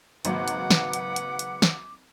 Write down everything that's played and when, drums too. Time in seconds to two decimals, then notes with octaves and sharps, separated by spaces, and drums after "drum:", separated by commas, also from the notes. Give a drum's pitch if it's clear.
0.25 G#1 C#3 F#3 A#3 B4 F#5 D6, drum: hi-hat
0.48 drum: hi-hat
0.71 drum: snare
0.93 drum: hi-hat
1.16 drum: hi-hat
1.39 drum: hi-hat
1.62 drum: snare